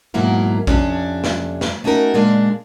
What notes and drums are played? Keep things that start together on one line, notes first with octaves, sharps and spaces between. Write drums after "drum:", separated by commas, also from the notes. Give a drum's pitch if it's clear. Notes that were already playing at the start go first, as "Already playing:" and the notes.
G#2 B2 F#3 A#3 E4 A#4
F2 C3 C#4 D4, drum: kick A#1
drum: snare
drum: snare
A3 C#4 D#4 F#4 A#4
A#2 C#3 G#3 A#3 D4